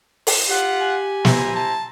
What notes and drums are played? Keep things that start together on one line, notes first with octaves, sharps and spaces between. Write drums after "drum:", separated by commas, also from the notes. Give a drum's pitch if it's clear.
drum: open hi-hat
F4 G4 F#5
G#5
E4 C5 A#5, drum: snare
A5